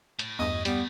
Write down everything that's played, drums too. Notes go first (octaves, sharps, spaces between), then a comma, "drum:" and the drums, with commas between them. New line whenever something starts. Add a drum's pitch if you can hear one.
A2, drum: hi-hat
E2 G2 D#5
G3 A3 B3 B4, drum: hi-hat